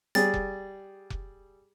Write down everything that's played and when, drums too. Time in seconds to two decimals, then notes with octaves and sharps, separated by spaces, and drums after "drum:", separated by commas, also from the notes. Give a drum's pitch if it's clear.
0.15 G3 G#4 A6, drum: hi-hat
0.34 drum: kick F1
1.10 drum: kick F1